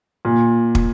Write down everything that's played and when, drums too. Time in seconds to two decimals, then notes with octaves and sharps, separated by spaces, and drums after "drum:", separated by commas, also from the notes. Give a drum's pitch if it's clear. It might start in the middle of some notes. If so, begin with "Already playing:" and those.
0.25 A#2
0.75 drum: kick